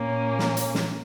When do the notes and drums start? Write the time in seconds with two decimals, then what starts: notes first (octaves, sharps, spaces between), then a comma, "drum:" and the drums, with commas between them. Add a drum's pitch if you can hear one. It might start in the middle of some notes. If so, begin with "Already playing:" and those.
Already playing: A#2 A#3 C#4
0.39 drum: snare
0.57 drum: hi-hat
0.74 drum: snare